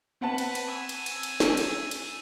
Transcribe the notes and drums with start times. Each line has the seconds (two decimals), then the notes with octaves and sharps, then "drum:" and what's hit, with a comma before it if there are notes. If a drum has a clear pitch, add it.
0.21 C4 B4 F#5 A5
0.38 drum: cymbal
0.55 drum: cymbal
0.67 G#5 E6
0.89 drum: cymbal
1.06 drum: cymbal
1.23 drum: cymbal
1.40 drum: snare
1.57 drum: cymbal
1.91 drum: cymbal